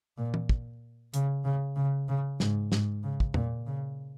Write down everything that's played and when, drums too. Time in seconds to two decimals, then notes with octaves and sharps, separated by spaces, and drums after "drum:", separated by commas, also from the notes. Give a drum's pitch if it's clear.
0.18 A#2
0.34 drum: tom E3
0.49 drum: kick
1.14 C#3, drum: hi-hat
1.44 C#3
1.76 C#3
2.09 C#3
2.40 G#2, drum: snare
2.72 G#2, drum: snare
3.03 C#3
3.20 drum: kick
3.34 A#2, drum: tom E2
3.67 C#3